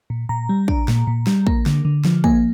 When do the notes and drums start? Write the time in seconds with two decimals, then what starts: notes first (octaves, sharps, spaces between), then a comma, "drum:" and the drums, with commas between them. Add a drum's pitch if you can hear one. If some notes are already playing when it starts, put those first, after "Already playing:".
0.10 A#2
0.29 A#2 A#5
0.49 G3
0.68 D4, drum: kick
0.88 A#2, drum: snare
1.07 A#2
1.27 G3, drum: snare
1.47 A#3, drum: kick
1.66 D3, drum: snare
1.85 D3
2.04 F3, drum: snare
2.24 A#3 G#5, drum: kick